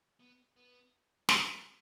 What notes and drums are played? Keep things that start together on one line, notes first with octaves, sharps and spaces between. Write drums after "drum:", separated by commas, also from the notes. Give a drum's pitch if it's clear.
B3
B3
B3, drum: snare